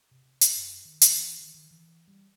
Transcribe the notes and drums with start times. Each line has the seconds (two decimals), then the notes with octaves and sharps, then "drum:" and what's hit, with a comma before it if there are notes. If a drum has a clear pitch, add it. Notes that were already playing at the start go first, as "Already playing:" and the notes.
0.11 C3
0.41 drum: hi-hat
0.57 F#2
0.85 D#3
1.01 drum: hi-hat
1.12 E3
1.41 D#3
1.54 D#3
1.71 E3
2.08 G3